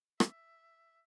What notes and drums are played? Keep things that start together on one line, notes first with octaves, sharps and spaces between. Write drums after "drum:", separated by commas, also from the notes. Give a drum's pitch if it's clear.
E5, drum: rim click